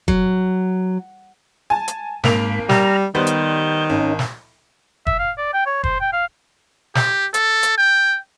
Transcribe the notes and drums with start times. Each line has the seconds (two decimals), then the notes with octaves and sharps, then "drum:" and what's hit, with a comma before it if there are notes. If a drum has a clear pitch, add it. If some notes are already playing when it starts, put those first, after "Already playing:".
0.08 F#3, drum: kick
1.70 G#5 A5
1.88 drum: hi-hat
2.24 G#1 G#2 A#3 B5 F7, drum: snare
2.69 G3 A#5 F6, drum: snare
3.15 D#3 G3 B3 C5 G6
3.27 drum: hi-hat
3.90 G#1 C#4 D#4
4.19 drum: snare
5.07 E5, drum: kick
5.19 F5
5.38 D5
5.53 G5
5.66 C#5
5.84 C5, drum: kick
6.01 G5
6.13 F5
6.95 G4, drum: snare
7.34 A4, drum: hi-hat
7.63 drum: hi-hat
7.78 G5